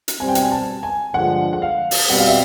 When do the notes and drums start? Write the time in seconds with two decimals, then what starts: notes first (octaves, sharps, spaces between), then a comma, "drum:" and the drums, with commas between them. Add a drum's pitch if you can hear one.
0.08 drum: hi-hat
0.19 B2 G3 C4 G#5
0.28 G5
0.35 G#5, drum: hi-hat
0.52 A5
0.83 G#5
1.14 G2 D3 F3 G#3 F#5
1.53 F#5
1.62 F5
1.91 drum: open hi-hat
2.09 B2 G3 C4 F#5
2.19 F5
2.27 E5